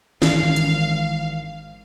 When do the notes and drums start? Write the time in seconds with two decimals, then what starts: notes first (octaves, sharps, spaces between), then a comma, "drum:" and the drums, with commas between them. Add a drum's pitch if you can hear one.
0.22 G#1 D#3 E3 F5, drum: snare
0.56 drum: hi-hat